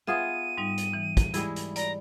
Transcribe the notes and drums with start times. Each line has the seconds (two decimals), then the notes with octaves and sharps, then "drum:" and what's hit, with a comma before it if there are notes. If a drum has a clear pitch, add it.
0.07 B3 F4 G#4 E5 D#6 D#7
0.57 G#2 G3 D#4
0.78 drum: hi-hat
0.93 E3
1.17 drum: kick, hi-hat
1.34 G3 G#3 E4, drum: hi-hat
1.56 drum: hi-hat
1.76 D5 A#5, drum: hi-hat